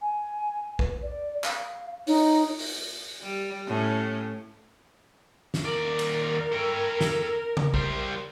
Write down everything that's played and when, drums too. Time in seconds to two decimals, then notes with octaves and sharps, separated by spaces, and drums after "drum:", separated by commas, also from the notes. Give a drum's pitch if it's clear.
0.02 G#5
0.79 B4, drum: kick A#1
1.02 D5
1.44 F5, drum: clap
2.07 D#4 C#5, drum: open hi-hat
2.59 drum: open hi-hat
3.22 G3
3.67 A2 C#4
5.54 drum: snare
5.65 D#2 A#4 D5
5.99 drum: cymbal
6.52 A4 G5
7.01 drum: snare
7.57 drum: tom C#3
7.74 G3 C5, drum: kick A#1